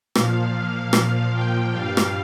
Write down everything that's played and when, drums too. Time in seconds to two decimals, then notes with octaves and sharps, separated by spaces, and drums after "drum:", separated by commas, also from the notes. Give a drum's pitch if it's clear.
0.15 A#2 F3 F5, drum: rim click
0.93 F5, drum: rim click
1.32 G5
1.71 G2 G3 F5
1.97 drum: rim click